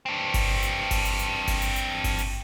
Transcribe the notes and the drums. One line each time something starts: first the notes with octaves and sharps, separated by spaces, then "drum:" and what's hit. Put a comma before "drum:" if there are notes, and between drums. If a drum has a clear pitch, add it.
C4 D4
drum: kick G1, open hi-hat
drum: hi-hat
drum: kick G1, open hi-hat
drum: hi-hat
drum: hi-hat
drum: kick G1, open hi-hat
drum: hi-hat
drum: hi-hat
drum: kick G1, open hi-hat
drum: hi-hat